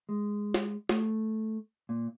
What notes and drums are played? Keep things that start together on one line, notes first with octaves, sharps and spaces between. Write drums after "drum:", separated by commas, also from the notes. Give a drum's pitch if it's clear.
G#3
drum: snare
A3, drum: snare
A#2